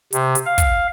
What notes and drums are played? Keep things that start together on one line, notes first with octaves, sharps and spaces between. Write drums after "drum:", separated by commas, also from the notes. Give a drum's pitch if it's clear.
C3, drum: hi-hat
drum: hi-hat
F5
drum: kick, hi-hat